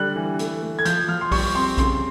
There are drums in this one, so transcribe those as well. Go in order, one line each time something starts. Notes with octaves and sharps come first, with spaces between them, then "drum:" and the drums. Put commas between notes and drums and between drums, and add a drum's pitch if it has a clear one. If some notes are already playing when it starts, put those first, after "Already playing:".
Already playing: D3 G3 F#6
E3
A3, drum: hi-hat
A3
G#6
F3 G6, drum: hi-hat
F3 F6
C6
G3 C#6, drum: kick A#1, open hi-hat
C4 C6
C#3 C6, drum: kick A#1, hi-hat